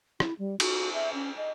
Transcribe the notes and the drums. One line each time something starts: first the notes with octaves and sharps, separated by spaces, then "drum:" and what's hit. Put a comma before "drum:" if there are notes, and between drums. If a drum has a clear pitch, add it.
E4, drum: rim click
G3
F#4, drum: cymbal
E5
C#4
D#5